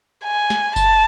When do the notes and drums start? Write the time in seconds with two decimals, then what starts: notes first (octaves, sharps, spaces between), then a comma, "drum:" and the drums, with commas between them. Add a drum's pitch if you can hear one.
0.24 G#5
0.50 drum: snare
0.76 A5, drum: kick F#1, tambourine